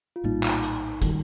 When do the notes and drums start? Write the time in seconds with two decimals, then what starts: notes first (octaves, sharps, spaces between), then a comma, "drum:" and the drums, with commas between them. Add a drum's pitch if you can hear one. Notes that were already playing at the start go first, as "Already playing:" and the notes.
0.16 F4
0.24 A#1 A2 G3 A#3 D#4
0.43 drum: clap
0.63 drum: hi-hat
1.02 D#3 G3, drum: kick, hi-hat